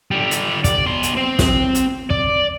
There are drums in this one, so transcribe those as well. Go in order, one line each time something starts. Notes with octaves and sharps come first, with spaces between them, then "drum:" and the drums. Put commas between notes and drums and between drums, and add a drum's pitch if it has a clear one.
D3 G3
drum: hi-hat
D5, drum: kick, hi-hat
B2 C6
drum: hi-hat
C4
drum: snare
drum: hi-hat
D5, drum: kick